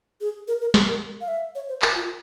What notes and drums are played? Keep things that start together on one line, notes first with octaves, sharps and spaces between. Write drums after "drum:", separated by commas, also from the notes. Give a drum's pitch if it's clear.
G#4
A#4
A#4
G#4, drum: snare
A#4
F5
E5
C#5
C5
A#4, drum: clap
F4